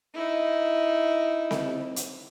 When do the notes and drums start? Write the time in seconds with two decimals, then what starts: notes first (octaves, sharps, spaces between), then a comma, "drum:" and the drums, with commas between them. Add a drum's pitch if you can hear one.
0.14 D#4 E4
1.51 drum: snare C4
1.96 drum: hi-hat